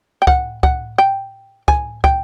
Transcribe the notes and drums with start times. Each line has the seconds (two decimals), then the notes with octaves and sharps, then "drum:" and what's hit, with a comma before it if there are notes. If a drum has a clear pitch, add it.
0.22 G5
0.27 F#5, drum: kick
0.63 F#5, drum: kick
0.98 G5
1.68 G#5, drum: kick
2.04 G5, drum: kick